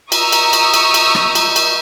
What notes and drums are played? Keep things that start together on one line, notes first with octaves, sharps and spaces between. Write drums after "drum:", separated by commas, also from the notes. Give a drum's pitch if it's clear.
A#5 C#6 D#6 E6, drum: cymbal
drum: cymbal
drum: cymbal
drum: cymbal
drum: cymbal
drum: rim click
drum: cymbal
drum: cymbal